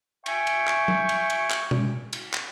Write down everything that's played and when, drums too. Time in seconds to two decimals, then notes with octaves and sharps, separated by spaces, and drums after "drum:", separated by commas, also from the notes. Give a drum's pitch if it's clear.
0.26 E5 G5 G#5 C#6, drum: cymbal
0.47 drum: cymbal
0.67 drum: clap
0.88 drum: tom
1.09 drum: cymbal
1.30 drum: cymbal
1.50 drum: clap
1.71 drum: tom B2
2.13 drum: cymbal
2.33 drum: clap